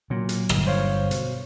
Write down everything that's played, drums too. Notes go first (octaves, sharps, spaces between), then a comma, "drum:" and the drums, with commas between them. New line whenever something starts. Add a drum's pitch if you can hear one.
A#2 F#3
drum: hi-hat
G1, drum: rim click
C5 C#5 F5
B2, drum: hi-hat